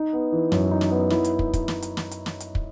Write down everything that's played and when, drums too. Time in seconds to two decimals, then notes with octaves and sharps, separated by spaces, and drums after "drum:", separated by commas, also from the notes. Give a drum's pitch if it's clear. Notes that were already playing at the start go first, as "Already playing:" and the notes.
Already playing: D#4
0.13 B3
0.32 E3
0.52 F#2, drum: snare
0.71 D#4
0.81 drum: snare
0.90 B3
1.10 E4, drum: snare
1.25 drum: hi-hat
1.39 drum: kick
1.53 drum: kick, hi-hat
1.68 drum: snare
1.82 drum: hi-hat
1.97 drum: snare
2.11 drum: hi-hat
2.26 drum: snare
2.40 drum: hi-hat
2.55 drum: kick